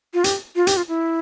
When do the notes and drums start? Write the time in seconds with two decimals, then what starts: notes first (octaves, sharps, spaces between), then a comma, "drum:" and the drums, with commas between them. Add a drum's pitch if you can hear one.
0.14 F4
0.24 G4, drum: hi-hat
0.56 F4
0.67 G4, drum: hi-hat
0.77 F4
0.88 E4